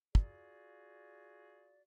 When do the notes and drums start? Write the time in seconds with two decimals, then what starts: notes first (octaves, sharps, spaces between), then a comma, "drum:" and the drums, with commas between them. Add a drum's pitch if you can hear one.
0.15 F4 F#4 G#4 D5, drum: kick